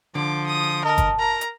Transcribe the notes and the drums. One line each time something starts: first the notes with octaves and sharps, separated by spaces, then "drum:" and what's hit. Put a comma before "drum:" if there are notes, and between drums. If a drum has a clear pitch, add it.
D3 F3 D6
D#6
A#4 D#5 A5
drum: kick, hi-hat
A#4 A#5
drum: hi-hat